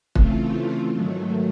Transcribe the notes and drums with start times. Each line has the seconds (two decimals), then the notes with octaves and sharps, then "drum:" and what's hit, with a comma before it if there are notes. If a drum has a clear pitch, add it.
0.15 C#3 E3 A3 C4 F4, drum: kick
0.93 G#2 D#3 F#3 A3